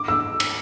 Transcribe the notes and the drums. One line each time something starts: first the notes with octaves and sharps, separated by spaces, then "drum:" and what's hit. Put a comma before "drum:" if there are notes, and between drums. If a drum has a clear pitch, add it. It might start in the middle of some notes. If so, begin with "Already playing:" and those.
Already playing: D6
E6
drum: cymbal